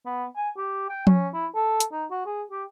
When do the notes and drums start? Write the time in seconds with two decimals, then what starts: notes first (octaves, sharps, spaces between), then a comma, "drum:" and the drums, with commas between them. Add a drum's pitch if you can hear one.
0.06 B3
0.36 G#5
0.57 G4
0.89 G5
1.07 C#4, drum: tom F3
1.34 E4
1.55 A4
1.80 drum: hi-hat
1.92 D#4
2.11 F#4
2.26 G#4
2.51 G4